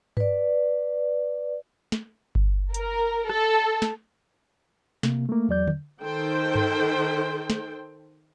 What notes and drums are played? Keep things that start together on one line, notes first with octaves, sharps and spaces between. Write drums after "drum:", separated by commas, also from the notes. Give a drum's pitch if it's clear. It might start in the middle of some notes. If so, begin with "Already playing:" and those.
B4 D5, drum: tom G2
drum: snare
drum: kick G1
A#4, drum: hi-hat
A4, drum: rim click
drum: snare
C3 A#3, drum: snare
A3 A#3
E2 F#3 D5 G6
drum: tom
D#3 A4 C5 G5
drum: tom G2
drum: snare